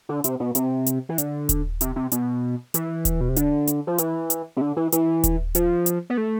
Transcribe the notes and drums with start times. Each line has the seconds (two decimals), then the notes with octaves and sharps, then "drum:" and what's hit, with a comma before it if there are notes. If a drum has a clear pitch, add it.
0.09 D3
0.24 C3, drum: hi-hat
0.40 B2
0.55 C3, drum: hi-hat
0.86 drum: hi-hat
1.09 E3
1.18 D3, drum: hi-hat
1.49 drum: kick D#1, hi-hat
1.81 C3, drum: hi-hat
1.96 C3
2.12 B2, drum: hi-hat
2.74 E3, drum: hi-hat
3.05 drum: kick D#1, hi-hat
3.21 B2
3.29 C3
3.36 D3, drum: hi-hat
3.67 drum: hi-hat
3.87 F3
3.98 E3, drum: hi-hat
4.30 drum: hi-hat
4.57 C3
4.61 D3
4.76 E3
4.92 E3, drum: hi-hat
5.24 drum: kick D#1, hi-hat
5.55 F3, drum: hi-hat
5.86 drum: hi-hat
6.10 B3
6.18 A3